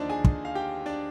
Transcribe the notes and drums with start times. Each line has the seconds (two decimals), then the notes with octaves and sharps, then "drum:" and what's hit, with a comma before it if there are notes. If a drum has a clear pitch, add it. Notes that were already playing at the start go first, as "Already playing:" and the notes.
Already playing: D#2 D3 F3 D4 D#4 C5 D5 D#5
0.09 G#4 G#5
0.24 drum: kick
0.45 F5
0.55 G4 G5
0.86 D4 D5